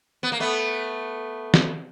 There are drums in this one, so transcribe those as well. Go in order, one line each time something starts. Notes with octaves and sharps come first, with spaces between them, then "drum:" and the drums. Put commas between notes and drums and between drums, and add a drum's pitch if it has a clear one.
B3
A#3
A3 B3
drum: snare